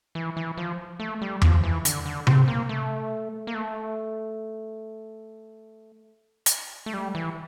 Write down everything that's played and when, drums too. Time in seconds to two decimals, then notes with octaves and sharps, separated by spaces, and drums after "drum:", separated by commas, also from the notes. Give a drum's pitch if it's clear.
0.15 E3
0.37 E3
0.58 F3
0.99 A3
1.22 G3
1.42 F3, drum: tom E2
1.64 E3
1.85 D3, drum: hi-hat
2.05 D3
2.27 C4, drum: tom C3
2.48 A#3
2.69 A3
3.47 A#3
3.54 A3
6.46 drum: hi-hat
6.86 A3
6.94 G3
7.15 E3